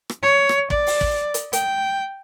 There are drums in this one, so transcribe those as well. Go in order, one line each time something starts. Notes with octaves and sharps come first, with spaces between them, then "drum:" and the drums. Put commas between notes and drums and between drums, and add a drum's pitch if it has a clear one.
drum: rim click
C#5
drum: rim click
D5, drum: kick
drum: open hi-hat
drum: kick
drum: hi-hat
G5, drum: hi-hat